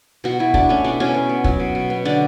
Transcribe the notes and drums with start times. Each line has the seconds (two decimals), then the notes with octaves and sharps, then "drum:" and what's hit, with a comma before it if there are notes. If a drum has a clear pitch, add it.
0.24 B2 F#4
0.39 B2 E4
0.54 A3 D4, drum: kick
0.69 A3 C#4
0.84 B2 D4
1.00 B2 C#4
1.15 B2
1.29 B3
1.44 F#3, drum: kick
1.59 B2
1.75 B2
1.90 B3
2.05 D3 D4